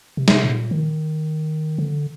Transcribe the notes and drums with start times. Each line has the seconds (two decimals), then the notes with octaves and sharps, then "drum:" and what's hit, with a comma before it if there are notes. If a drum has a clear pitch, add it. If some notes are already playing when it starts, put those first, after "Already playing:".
0.17 C3
0.28 drum: snare
0.44 A#2
0.71 D#3
1.79 D3